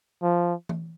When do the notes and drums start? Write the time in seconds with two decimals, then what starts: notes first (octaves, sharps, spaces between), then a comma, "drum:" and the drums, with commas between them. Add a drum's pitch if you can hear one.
0.22 F3
0.69 drum: tom E3